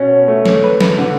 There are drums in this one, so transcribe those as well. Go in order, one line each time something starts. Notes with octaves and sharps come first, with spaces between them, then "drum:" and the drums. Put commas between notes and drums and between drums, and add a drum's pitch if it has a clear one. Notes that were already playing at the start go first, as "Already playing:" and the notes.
Already playing: B2 C#4
A3
drum: snare
B4
drum: snare
D3